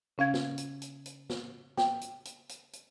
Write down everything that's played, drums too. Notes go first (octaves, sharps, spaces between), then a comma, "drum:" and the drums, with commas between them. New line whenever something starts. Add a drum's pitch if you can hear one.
C#3 C#4 F5 G#6
drum: snare
drum: hi-hat
drum: hi-hat
drum: hi-hat
drum: snare
G5, drum: snare
drum: hi-hat
drum: hi-hat
drum: hi-hat
drum: hi-hat